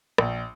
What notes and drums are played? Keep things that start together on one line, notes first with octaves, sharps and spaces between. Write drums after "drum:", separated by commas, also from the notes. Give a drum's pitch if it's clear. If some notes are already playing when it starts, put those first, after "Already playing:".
A#1, drum: rim click